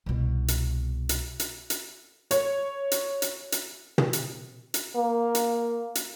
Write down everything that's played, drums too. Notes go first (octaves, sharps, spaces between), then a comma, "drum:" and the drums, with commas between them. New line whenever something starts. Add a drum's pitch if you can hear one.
C2 B2
drum: hi-hat
drum: hi-hat
drum: hi-hat
drum: hi-hat
C#5, drum: hi-hat
drum: hi-hat
drum: hi-hat
drum: hi-hat
drum: tom
drum: hi-hat
drum: hi-hat
A#3
drum: hi-hat
drum: hi-hat